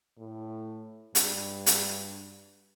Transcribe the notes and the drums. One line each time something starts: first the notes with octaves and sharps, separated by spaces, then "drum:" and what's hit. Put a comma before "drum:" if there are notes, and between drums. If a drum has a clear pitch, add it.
A2
G2, drum: hi-hat
drum: hi-hat